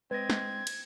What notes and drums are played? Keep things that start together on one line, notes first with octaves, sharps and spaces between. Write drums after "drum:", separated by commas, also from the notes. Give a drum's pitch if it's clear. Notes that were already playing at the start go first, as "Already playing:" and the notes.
G#3 C4 B4 D5 D#5 G#6
drum: snare
drum: cymbal